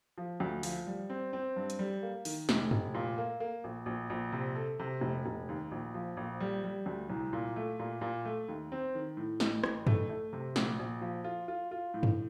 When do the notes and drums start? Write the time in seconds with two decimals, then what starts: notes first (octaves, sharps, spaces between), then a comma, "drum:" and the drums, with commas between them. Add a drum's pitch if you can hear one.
0.18 F3
0.40 D2
0.63 F3, drum: open hi-hat
0.87 G3
1.10 C4
1.33 C4
1.56 G2
1.70 drum: hi-hat
1.79 G3
2.03 A#3
2.25 D#3, drum: open hi-hat
2.49 F1, drum: snare
2.71 F1, drum: tom G2
2.94 A#2
3.18 A#3
3.40 A#3
3.64 A#1
3.86 A#1
4.10 A#1
4.32 C3
4.56 A4
4.79 C3
5.01 F1
5.26 F1
5.49 D#2
5.71 A#1
5.94 F3
6.17 A#1
6.40 G3
6.64 G3
6.86 D2
7.10 C2
7.33 A#2
7.56 A3
7.79 A#2
8.01 A#2
8.25 A3
8.48 D#2
8.72 C4
8.95 D#3
9.17 A2
9.40 A1, drum: snare
9.64 A1, drum: rim click
9.87 A3, drum: tom G2
10.09 A3
10.33 C3
10.56 A#1, drum: snare
10.79 A#1
11.01 F3
11.24 F4
11.48 F4
11.71 F4
11.94 A2
12.03 drum: tom G2